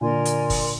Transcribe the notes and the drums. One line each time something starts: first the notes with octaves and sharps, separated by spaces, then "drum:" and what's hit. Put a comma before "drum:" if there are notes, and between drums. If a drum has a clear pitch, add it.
A#2 D3 A#4 D5 G#5 C6
drum: hi-hat
drum: kick, open hi-hat